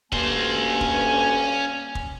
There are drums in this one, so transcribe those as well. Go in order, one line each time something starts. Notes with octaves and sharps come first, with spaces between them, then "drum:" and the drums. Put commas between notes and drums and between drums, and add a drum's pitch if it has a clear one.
D2 G2 A#3 C#4 G#5 C6, drum: kick
drum: kick
drum: kick